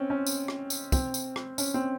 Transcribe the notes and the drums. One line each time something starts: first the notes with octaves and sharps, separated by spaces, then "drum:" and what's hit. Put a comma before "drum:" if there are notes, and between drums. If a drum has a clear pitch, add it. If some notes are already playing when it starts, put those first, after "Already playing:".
Already playing: C4 C#4
C#4
drum: tambourine
drum: rim click
drum: tambourine
C4, drum: kick, tambourine
drum: tambourine
drum: rim click
C#4, drum: tambourine
C4